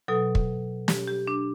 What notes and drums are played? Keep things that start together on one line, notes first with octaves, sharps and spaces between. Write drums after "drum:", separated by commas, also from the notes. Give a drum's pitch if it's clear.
B2 F#3 A4
drum: kick
G4, drum: snare
G4
D4